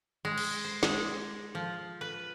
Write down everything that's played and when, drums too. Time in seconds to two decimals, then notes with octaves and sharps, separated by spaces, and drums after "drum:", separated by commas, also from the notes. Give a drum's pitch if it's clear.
0.25 G#3
0.38 drum: cymbal
0.64 C5
0.83 G#3, drum: snare
1.55 F3
2.01 B4